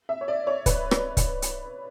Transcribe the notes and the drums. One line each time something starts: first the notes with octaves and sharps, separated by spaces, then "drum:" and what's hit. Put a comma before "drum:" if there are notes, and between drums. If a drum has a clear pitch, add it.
E5
C#5
D5
C#5
B4, drum: kick, hi-hat
drum: rim click
drum: kick, hi-hat
drum: hi-hat